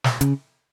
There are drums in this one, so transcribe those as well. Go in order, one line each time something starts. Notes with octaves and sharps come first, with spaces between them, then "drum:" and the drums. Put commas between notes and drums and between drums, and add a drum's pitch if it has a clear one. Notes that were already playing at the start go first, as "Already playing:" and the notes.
drum: snare
C#3, drum: hi-hat